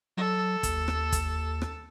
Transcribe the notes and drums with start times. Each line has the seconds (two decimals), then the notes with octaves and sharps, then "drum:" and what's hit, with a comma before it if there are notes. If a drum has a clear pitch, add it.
0.17 F#3 A4
0.63 D#2, drum: kick, hi-hat
0.88 drum: rim click
1.12 drum: kick, hi-hat
1.62 drum: rim click